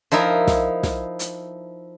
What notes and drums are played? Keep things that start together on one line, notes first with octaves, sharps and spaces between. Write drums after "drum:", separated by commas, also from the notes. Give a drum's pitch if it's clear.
F3 D#4 E4 A#4
drum: snare
drum: snare
drum: hi-hat